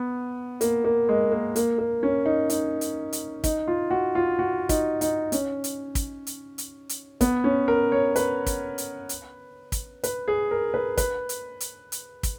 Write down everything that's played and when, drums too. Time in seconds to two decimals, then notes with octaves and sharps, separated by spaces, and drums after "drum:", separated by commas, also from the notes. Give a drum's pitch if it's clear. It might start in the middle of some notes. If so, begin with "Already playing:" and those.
Already playing: B3
0.61 A#3, drum: hi-hat
0.85 A#3
1.09 G#3
1.32 A#3
1.56 A#3, drum: hi-hat
1.78 A#3
2.03 C#4
2.26 D#4
2.50 D#4, drum: hi-hat
2.81 drum: hi-hat
3.13 drum: hi-hat
3.44 D#4, drum: kick, hi-hat
3.68 F4
3.91 F#4
4.15 F4
4.39 F#4
4.69 D#4, drum: kick, hi-hat
5.01 D#4, drum: hi-hat
5.32 C#4, drum: hi-hat
5.64 drum: hi-hat
5.95 drum: kick, hi-hat
6.27 drum: hi-hat
6.58 drum: hi-hat
6.89 drum: hi-hat
7.21 B3, drum: kick, hi-hat
7.44 C#4
7.68 A#4
7.92 C#5
8.16 B4, drum: hi-hat
8.46 drum: kick, hi-hat
8.78 drum: hi-hat
9.09 drum: hi-hat
9.72 drum: kick, hi-hat
10.04 B4, drum: hi-hat
10.28 G#4
10.51 A#4
10.74 B4
10.97 B4, drum: kick, hi-hat
11.29 drum: hi-hat
11.60 drum: hi-hat
11.92 drum: hi-hat
12.23 drum: kick, hi-hat